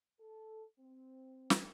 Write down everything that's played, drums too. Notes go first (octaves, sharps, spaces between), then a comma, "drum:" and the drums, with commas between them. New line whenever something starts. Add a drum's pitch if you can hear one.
A4
C4
drum: snare